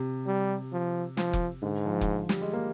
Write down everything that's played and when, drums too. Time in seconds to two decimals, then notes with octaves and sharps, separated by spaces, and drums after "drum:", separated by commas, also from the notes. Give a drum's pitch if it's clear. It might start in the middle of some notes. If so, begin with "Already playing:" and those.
Already playing: C3
0.27 G3
0.73 F3
1.17 F3, drum: snare
1.33 drum: kick F1
1.62 G#2 D3
1.86 F3
2.01 drum: kick F1
2.29 G3, drum: snare
2.41 G#3
2.53 A#3